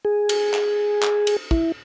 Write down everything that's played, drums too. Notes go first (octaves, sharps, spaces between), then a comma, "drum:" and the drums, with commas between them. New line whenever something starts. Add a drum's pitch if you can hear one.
G#4
drum: cymbal
drum: clap
drum: clap
drum: cymbal
E4, drum: kick